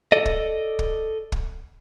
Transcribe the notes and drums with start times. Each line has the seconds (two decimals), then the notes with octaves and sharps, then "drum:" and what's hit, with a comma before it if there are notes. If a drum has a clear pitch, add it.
0.12 A4 D5 D#5
0.26 drum: kick
0.79 drum: kick
1.32 drum: kick